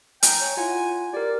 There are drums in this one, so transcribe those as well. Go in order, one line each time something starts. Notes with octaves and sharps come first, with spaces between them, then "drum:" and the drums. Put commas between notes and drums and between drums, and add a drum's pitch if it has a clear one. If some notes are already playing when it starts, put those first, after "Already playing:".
G5 G#5 A#5, drum: hi-hat
C#5
E4 F4 F#5 G#5
G4 A#4 D5